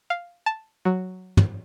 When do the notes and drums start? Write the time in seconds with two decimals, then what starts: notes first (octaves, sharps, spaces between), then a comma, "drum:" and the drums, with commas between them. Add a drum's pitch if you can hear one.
0.10 F5
0.46 A5
0.85 F#3
1.37 drum: tom